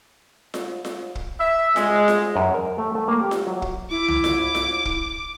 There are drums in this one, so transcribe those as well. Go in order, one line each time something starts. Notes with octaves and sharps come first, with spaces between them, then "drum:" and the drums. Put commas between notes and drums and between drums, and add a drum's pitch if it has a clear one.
drum: snare F4
drum: snare F4
drum: kick
E5
G#3, drum: snare F4
drum: snare F4
F#2
A#4
A3
A3
A#3
G4
drum: snare F4
F#3
drum: kick
E4 D6
drum: tom C2
drum: snare F4
drum: snare F4
drum: kick